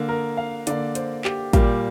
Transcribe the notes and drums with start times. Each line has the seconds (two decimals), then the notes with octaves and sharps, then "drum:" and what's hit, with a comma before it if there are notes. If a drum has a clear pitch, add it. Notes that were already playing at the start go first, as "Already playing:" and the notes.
Already playing: D3 A#3
0.09 A#4
0.37 F5
0.67 D3 A#3 D5, drum: hi-hat
0.95 C5, drum: hi-hat
1.25 G4, drum: clap
1.53 A#2 G3 A#3 G4, drum: kick, hi-hat